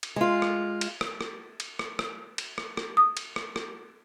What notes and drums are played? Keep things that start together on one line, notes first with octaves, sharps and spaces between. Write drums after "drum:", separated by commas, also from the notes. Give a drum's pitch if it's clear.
drum: cymbal
G#3 F4
drum: rim click
drum: cymbal
drum: rim click
drum: rim click
drum: cymbal
drum: rim click
drum: rim click
drum: cymbal
drum: rim click
drum: rim click
D#6
drum: cymbal
drum: rim click
drum: rim click